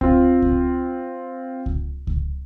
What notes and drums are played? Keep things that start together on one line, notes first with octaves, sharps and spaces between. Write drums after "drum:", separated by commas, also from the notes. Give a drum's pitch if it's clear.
C4 F4, drum: kick C#2
drum: kick C#2
drum: kick C#2
drum: kick C#2